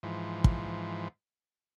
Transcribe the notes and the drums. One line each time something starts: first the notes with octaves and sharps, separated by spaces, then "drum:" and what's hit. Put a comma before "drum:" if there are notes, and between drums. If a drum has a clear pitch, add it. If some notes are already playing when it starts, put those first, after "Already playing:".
G#2 E3 F3
drum: kick